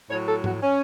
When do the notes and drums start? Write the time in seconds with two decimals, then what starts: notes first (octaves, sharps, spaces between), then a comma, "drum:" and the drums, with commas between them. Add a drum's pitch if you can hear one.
0.09 A2 F#3 C#5
0.27 A4
0.44 F#4, drum: tom G#2
0.62 C#4